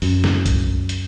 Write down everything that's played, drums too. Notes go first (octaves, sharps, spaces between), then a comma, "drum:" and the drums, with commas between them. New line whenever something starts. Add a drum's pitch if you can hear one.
F#2, drum: open hi-hat
drum: snare
drum: kick B1, hi-hat
drum: hi-hat